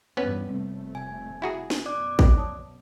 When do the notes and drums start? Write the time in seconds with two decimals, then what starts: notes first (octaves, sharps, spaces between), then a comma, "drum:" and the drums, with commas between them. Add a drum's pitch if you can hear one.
0.17 E2 G2 B3 C#4 B4
0.49 F1 C3 G3 A3 C4
0.95 C3 G#5
1.42 E4 F#4 G#4 G5 A#5
1.70 drum: snare
1.86 F#2 B2 D5 D6 F#6
2.19 drum: kick
2.36 C#5 A5 D#6